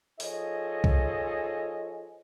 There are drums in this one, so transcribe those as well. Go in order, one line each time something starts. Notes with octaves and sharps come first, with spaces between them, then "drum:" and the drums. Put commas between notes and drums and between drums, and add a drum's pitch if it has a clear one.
F3 D#4 G#4 A4 C#5 D#5, drum: open hi-hat
drum: kick C2